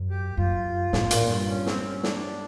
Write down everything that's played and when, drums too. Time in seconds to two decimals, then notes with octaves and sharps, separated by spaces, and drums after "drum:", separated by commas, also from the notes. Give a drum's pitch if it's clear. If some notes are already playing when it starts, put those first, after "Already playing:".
Already playing: F#2
0.10 G4
0.37 F#2 F4
0.93 A2, drum: snare
1.11 A#2, drum: hi-hat
1.29 G2
1.48 C#4
1.66 C4, drum: snare
1.85 C#4
2.03 D4, drum: snare